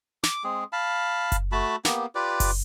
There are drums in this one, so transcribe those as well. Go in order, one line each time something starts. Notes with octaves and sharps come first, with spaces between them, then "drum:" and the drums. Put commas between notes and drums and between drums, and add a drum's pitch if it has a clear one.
D6, drum: snare
G#3 C4 G#4
F5 A5 B5
drum: kick F#1, hi-hat
A3 F#4 A5 B5
A#3 B3 G4, drum: snare
F4 G4 B4 D5
drum: kick F#1, open hi-hat